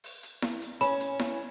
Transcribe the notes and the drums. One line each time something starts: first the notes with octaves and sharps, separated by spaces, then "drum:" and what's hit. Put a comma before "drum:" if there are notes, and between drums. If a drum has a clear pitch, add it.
drum: open hi-hat
drum: hi-hat
drum: snare E4
drum: hi-hat
C#4 B5, drum: hi-hat
drum: hi-hat
drum: snare E4